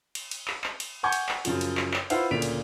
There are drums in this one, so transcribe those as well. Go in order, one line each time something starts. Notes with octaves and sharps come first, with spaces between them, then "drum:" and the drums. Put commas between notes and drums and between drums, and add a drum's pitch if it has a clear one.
drum: cymbal
drum: cymbal
drum: clap
drum: clap
drum: cymbal
F#5 G#5 C#6 D6 G6 G#6
drum: cymbal
drum: clap
F#2 C#3 F3, drum: cymbal
drum: cymbal
drum: clap
drum: clap
E4 F4 B4 C5 F5 F#5, drum: cymbal
D2 A#2 C#3 B6 D7 F7
drum: cymbal